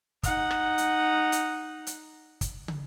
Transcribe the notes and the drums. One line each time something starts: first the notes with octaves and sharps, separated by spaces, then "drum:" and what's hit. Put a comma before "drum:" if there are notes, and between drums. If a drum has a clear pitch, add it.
D#4 F#5, drum: kick, hi-hat
drum: rim click
drum: hi-hat
drum: hi-hat
drum: hi-hat
drum: kick, hi-hat
drum: tom